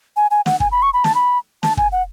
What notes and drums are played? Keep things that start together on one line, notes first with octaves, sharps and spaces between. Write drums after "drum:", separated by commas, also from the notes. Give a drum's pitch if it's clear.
G#5
G#5
F#5, drum: snare
G#5, drum: kick
B5
C#6
B5
A5, drum: snare
B5
A5, drum: snare
G#5, drum: kick
F#5